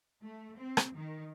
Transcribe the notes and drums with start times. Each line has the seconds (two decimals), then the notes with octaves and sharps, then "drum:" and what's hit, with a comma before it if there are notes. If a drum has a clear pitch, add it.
0.23 A3
0.58 C4
0.77 drum: rim click
0.95 D#3